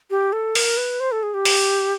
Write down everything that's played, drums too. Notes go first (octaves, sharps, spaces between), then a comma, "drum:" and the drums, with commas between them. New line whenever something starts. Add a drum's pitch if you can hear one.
G4
A4
A#4, drum: open hi-hat
B4
C5
A4
G#4
G4
drum: open hi-hat